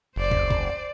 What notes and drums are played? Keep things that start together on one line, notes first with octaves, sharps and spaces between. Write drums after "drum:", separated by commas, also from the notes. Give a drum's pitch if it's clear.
F#1 C5 D5
drum: kick
drum: kick